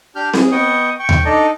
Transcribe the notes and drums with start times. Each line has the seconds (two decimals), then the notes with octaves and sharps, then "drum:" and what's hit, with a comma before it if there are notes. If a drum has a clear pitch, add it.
0.16 D4 G4 F6 G6
0.34 G#4, drum: snare C4
0.52 B3 D#5 G5 C#6 D#6
0.99 G5 C#6
1.09 drum: tom D#2
1.25 D4 D#4 A4 D5 D#5 A#5